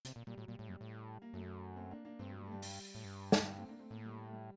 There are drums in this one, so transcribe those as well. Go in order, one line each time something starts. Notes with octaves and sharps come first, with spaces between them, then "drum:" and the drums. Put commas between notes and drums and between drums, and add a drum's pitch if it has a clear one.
C3, drum: hi-hat
A#2
A#2 G3
A2 F#3
A#2 G3
A2
F#2 G3
A2
A#3
F#2 F#3 A3
A3 C4
A#3 D4
A#3 D4
G2 A3 C4
F#3
G3
A3
G3
G3, drum: open hi-hat
A2
G2
drum: snare
A3 C4
A#3 D4
A3 C4
A2 A#3
A3
G3 A#3
A3
G3